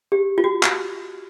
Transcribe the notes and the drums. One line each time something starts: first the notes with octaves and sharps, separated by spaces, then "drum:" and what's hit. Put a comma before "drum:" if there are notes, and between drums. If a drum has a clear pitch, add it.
G4
F4
F#4
drum: clap